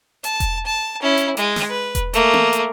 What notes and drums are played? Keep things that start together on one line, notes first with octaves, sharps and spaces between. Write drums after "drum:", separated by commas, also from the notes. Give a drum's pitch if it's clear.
A5, drum: hi-hat
drum: kick E1, hi-hat
A5
C#4 E4
drum: hi-hat
G#3, drum: hi-hat
drum: snare
B4
drum: kick E1, hi-hat
A3 A#3, drum: hi-hat
drum: tom B3
drum: hi-hat